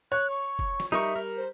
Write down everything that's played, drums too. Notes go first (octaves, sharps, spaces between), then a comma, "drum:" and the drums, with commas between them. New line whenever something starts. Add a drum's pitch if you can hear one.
C#5 F#6
C#6
drum: kick F1
drum: snare
G3 D#4 A#4 E5 C#6
A#4
C5